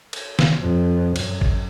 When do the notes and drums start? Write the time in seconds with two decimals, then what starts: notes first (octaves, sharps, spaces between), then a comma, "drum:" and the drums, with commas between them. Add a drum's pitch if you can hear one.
0.13 drum: cymbal
0.39 drum: snare
0.60 F2
1.16 F#2, drum: cymbal
1.41 drum: kick